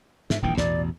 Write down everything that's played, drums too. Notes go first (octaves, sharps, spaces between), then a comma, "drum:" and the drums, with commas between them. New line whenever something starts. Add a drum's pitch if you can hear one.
G#2 E5, drum: snare
D#1 A#1 E3 G5
A1 E2 B2 D5, drum: snare